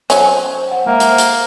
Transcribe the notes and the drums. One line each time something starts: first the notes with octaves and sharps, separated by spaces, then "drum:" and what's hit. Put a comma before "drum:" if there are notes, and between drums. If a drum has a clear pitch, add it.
F#3 C#4 C5, drum: hi-hat
F#5 G5
G#3 A#3 E5
drum: hi-hat
drum: hi-hat